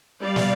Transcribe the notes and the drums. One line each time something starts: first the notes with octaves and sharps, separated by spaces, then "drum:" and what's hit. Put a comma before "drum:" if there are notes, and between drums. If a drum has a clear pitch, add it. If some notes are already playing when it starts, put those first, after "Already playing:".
G3 D5 F5
drum: snare